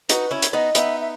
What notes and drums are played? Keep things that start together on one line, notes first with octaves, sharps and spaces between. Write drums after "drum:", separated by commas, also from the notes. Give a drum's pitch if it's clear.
D#4 F#4 B4, drum: hi-hat
C#4 E4 C#5
drum: hi-hat
B3 D#4 D#5
B3 D#4 E5, drum: hi-hat
E5